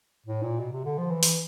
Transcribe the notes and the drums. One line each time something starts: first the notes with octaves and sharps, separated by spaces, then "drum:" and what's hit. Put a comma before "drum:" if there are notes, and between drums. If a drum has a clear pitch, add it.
A2
A#2
B2
C3
D3
F3
E3
drum: open hi-hat